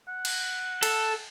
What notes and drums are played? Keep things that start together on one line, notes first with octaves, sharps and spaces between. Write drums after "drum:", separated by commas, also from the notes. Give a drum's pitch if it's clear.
F#5
drum: cymbal
A4, drum: cymbal